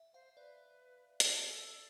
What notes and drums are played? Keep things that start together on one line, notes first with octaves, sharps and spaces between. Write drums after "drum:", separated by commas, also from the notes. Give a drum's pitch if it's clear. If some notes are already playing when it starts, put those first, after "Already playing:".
Already playing: E5
C5 F5
B4 D5
drum: hi-hat
A4